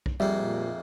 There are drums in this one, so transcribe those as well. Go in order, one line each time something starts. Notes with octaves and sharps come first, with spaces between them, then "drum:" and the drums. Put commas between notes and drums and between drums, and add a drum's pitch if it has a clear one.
drum: kick B1
F2 G#2 G3 A#3 E5
A#2